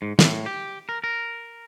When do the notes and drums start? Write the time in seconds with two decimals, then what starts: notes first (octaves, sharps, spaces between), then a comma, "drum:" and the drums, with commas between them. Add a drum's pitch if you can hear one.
0.02 G#2
0.19 A2, drum: snare
0.46 G4
0.89 A#4
1.04 A#4